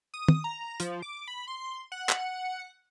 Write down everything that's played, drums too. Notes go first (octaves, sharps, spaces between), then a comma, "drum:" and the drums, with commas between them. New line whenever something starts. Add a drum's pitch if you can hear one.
D#6
drum: tom
A#5
F3, drum: hi-hat
D6
B5
C6
F#5
drum: clap